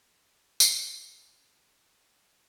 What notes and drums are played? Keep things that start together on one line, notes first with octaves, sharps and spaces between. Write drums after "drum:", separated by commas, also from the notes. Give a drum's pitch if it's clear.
G#6
drum: tambourine
G6
F6
G6
G#6
A6